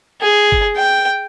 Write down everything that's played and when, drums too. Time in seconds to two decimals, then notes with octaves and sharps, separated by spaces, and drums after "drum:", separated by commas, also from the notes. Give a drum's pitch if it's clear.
0.21 G#4
0.52 drum: kick
0.76 G5